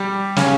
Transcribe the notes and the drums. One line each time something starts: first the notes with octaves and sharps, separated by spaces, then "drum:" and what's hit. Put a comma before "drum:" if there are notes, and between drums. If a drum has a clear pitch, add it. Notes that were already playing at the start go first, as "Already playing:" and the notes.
Already playing: G3 G4
C#3 C#4, drum: snare